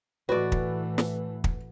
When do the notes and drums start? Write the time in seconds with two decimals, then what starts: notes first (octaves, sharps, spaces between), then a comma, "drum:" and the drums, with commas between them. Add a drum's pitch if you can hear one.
0.29 A2 E3 A3 F#4 B4 D5
0.52 drum: kick
0.98 drum: snare
1.44 drum: kick